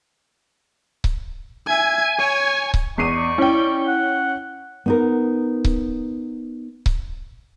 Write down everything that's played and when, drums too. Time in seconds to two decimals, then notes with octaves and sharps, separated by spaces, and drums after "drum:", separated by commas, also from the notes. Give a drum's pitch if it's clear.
1.04 drum: kick C#1
1.67 E5 G#5 G#6
2.19 C#5
2.74 drum: kick C#1
2.98 E2 D#4 D5 C#6 C7 D#7
3.38 C#4 E4 G5 G7
3.88 F#5
4.86 B3 D#4 A#4
5.65 drum: kick C#1
6.86 drum: kick C#1